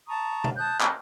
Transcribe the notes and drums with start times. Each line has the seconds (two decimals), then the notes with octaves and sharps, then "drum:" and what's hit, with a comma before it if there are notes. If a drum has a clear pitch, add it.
0.07 A5 A#5 C#6 D#6
0.44 drum: tom B2
0.57 A5 D#6 F#6 G6
0.81 D#5, drum: clap